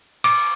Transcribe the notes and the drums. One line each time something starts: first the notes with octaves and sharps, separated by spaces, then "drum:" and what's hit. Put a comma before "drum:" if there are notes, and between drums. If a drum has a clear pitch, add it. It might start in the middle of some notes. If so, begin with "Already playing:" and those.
D6, drum: cymbal